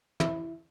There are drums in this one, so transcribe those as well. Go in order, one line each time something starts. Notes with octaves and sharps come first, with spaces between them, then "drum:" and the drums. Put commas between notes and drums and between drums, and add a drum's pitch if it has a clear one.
E4, drum: tom